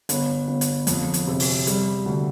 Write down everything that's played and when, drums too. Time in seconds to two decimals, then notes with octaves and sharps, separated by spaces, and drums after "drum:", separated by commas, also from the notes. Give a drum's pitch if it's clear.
0.09 G1, drum: hi-hat
0.48 G1
0.61 drum: hi-hat
0.87 F2, drum: hi-hat
1.14 drum: hi-hat
1.27 C3
1.40 drum: open hi-hat
1.67 G3, drum: hi-hat
2.06 D2